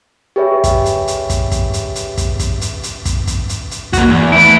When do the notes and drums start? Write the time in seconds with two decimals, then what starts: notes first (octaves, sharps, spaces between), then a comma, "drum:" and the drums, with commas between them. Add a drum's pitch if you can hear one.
0.36 G4 G#4 B4 C#5 E5
0.64 drum: kick, hi-hat
0.86 drum: hi-hat
1.08 drum: hi-hat
1.30 drum: kick, hi-hat
1.52 drum: kick, hi-hat
1.74 drum: hi-hat
1.95 drum: hi-hat
2.17 drum: kick, hi-hat
2.39 drum: kick, hi-hat
2.61 drum: hi-hat
2.83 drum: hi-hat
3.05 drum: kick, hi-hat
3.27 drum: kick, hi-hat
3.49 drum: hi-hat
3.71 drum: hi-hat
3.93 A#3 F#4, drum: kick, hi-hat
4.08 E2
4.32 A3 E4 B4